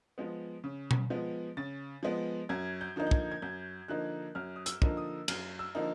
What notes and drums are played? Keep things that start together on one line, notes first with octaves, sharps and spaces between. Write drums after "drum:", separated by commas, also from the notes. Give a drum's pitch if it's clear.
F3 G#3 B3
C#3
drum: tom B2
F3 G#3 B3
C#3 A6
F3 G#3 B3
F#2 G#6
G6
D3 F3 A#3 D#4
G6
G#6, drum: kick
G#6
F#2 G6
D3 F3 A#3 D#4 F#6
F#2 F6
D#6
E6, drum: hi-hat
D3 F3 A#3 D#4, drum: kick
D#6
F#2 F6, drum: cymbal
E6
D3 F3 A#3 D#4